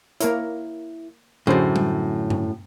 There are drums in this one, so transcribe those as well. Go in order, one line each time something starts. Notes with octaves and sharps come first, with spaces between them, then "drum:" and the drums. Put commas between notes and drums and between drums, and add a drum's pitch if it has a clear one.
A#3 E4 A#4 C#5, drum: hi-hat
F#2 A2 D3 F#3 C#4 G#4 C5
drum: tom G3
drum: tom G2